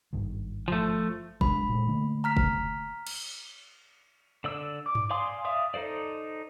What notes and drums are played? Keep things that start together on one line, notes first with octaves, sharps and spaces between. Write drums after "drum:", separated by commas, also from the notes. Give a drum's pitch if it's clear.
G#1 G2 D#3
F3 A3
G#3 D4 B5, drum: kick
A#2 G#3
D3 A3 A#3
A#5 F6 B6
drum: kick
drum: cymbal
D3 D5 E6
D6
drum: tom G2
D5 F5 G#5 C6 D#6
D5 E5 F5 D#6
D#4 A4 C5 D5